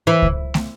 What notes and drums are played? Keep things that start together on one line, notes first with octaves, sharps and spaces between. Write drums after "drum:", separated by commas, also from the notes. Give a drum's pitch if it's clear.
E3
drum: kick C#2
drum: snare